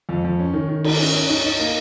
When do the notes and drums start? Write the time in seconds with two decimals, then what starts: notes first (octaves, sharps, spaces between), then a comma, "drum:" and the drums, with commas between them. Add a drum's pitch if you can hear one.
0.09 F2
0.24 F2
0.39 C#4
0.53 D#3
0.69 D#3
0.84 D#3, drum: cymbal
0.99 C#4
1.14 C#4
1.30 D#4
1.45 D#4
1.60 A#3